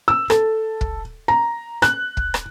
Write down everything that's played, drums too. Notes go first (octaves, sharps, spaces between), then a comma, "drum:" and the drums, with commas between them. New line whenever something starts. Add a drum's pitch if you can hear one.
E6
A4, drum: rim click
drum: kick
A#5
F#6, drum: rim click
drum: kick
drum: rim click